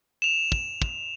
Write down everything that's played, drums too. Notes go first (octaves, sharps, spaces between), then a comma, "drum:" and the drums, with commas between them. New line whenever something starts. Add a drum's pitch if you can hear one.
E7 F7
drum: kick
drum: kick